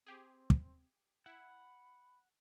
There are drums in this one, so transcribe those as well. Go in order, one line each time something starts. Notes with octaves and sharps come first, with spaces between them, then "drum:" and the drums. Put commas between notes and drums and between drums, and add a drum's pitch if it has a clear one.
C4 G4 G#4
drum: kick
E4 F#5 B5